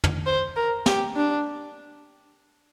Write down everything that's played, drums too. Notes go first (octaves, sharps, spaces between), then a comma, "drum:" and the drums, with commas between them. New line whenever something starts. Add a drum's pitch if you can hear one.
drum: tom
C5
A#4
G4, drum: snare
D4